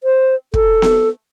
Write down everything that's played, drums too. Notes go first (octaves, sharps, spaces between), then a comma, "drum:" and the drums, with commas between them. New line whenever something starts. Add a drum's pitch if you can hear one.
C5
A4, drum: kick
drum: snare B3